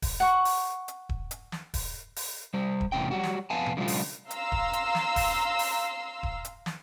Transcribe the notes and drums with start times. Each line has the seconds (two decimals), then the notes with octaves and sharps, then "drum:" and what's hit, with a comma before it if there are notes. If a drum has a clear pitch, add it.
0.02 drum: kick D#1, open hi-hat
0.20 F#5 C#6
0.45 drum: open hi-hat
0.88 drum: hi-hat
1.09 drum: kick D#1
1.31 drum: hi-hat
1.52 drum: snare
1.74 drum: kick D#1, open hi-hat
2.16 drum: open hi-hat
2.54 G3 C5
2.81 drum: kick D#1
2.92 E2 A2 C3 C#4 G5
3.11 F#3 G3 F#4
3.23 drum: snare
3.50 F2 B3 F5 G#5 A5
3.66 drum: tom B2
3.77 C#3 F3 G3 A3 D4 F4
3.88 drum: open hi-hat
4.31 F5 A#5 C6 E6, drum: hi-hat
4.52 drum: kick D#1
4.73 drum: hi-hat
4.95 drum: snare
5.16 drum: kick D#1, open hi-hat
5.59 drum: open hi-hat
6.23 drum: kick D#1
6.45 drum: hi-hat
6.66 drum: snare